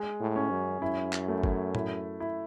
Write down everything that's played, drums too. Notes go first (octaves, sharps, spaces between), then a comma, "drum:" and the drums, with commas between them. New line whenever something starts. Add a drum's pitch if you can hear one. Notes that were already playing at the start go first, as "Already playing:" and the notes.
Already playing: G#3
A2
C#4
F#2
F#2 E4
drum: clap
A3
drum: kick
E4, drum: tom A2
E4